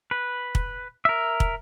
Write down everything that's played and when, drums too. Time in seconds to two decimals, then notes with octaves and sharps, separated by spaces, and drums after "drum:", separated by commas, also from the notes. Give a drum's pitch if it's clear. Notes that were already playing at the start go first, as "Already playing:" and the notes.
0.11 B4
0.55 drum: kick
1.05 A#4 E5
1.40 drum: kick